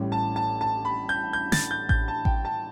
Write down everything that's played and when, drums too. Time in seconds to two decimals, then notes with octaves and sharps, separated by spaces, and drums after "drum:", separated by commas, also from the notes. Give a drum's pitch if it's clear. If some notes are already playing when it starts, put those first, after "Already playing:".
Already playing: A1 A2 G3
0.12 A5
0.36 A5
0.61 A5
0.85 B5
1.09 G6
1.33 G6
1.52 A6, drum: snare
1.71 G6
1.89 G6, drum: kick A1
2.08 A5
2.25 G5, drum: kick A1
2.45 A5